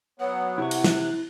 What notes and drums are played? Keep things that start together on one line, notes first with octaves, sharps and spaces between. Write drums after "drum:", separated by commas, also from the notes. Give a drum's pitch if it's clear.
F#3 B3 F#5
C3 E4 C#6
drum: cymbal
F#6, drum: snare